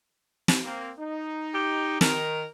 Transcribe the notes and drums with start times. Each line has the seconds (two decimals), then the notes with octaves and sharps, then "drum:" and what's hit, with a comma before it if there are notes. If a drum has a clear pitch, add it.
0.48 drum: snare
0.64 A#3 C4
0.99 D#4
1.54 G4
2.01 D#3 A#4, drum: snare